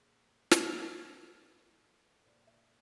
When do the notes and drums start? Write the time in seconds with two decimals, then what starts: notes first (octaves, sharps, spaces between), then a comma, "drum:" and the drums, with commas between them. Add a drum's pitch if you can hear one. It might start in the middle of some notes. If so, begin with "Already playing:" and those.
Already playing: A#2 G#4 A#4
0.51 drum: snare
0.96 C5
1.06 B4
1.15 A#4
1.24 A4 B4
2.25 A#2 C5 D5
2.47 D5 E5